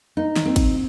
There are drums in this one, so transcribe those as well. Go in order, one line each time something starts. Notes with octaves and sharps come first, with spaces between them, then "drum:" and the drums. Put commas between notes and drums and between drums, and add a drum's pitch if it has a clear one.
D#4
drum: snare
C4
drum: kick, cymbal